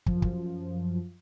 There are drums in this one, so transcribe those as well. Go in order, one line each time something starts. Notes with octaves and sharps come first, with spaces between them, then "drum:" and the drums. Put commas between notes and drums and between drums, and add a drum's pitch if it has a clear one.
F#2 F3, drum: kick
drum: kick